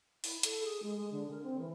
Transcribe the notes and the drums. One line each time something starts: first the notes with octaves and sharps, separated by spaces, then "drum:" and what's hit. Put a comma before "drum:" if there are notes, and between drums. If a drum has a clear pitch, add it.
E4, drum: open hi-hat
A4, drum: hi-hat
G#4
G#3
G#3
D3
A#4
C4
E3